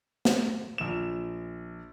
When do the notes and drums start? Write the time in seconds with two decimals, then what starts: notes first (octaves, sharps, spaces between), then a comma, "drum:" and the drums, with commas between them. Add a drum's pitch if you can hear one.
0.25 drum: snare
0.78 A#1 E7